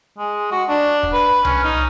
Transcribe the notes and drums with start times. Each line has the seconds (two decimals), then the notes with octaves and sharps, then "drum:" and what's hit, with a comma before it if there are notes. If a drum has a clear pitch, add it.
0.18 G#3
0.52 F#4
0.68 D4
1.03 drum: kick
1.13 B4
1.45 C#4, drum: tom C2
1.64 D#4